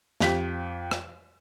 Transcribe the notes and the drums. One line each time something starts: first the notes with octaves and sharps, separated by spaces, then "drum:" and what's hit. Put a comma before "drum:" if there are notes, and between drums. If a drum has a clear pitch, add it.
F2 G4 G5 B6, drum: snare
drum: rim click